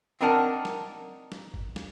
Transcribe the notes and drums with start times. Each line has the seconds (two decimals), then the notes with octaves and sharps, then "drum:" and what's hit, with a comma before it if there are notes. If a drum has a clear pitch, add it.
0.21 C4 D4 D#4 A#4 F#5 A5
0.65 drum: snare
1.32 drum: snare
1.54 drum: kick G1
1.76 drum: snare